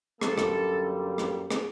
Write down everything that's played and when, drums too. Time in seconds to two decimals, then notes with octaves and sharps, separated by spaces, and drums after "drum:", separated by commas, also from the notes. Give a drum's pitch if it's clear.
0.21 F#2 D3 G3 A#3 A4, drum: rim click
0.38 drum: rim click
1.18 drum: rim click
1.50 drum: rim click